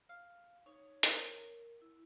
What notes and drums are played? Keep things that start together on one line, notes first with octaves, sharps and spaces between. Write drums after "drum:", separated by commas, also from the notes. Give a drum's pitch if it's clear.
F5
D#4 C#5
A#4, drum: hi-hat
E4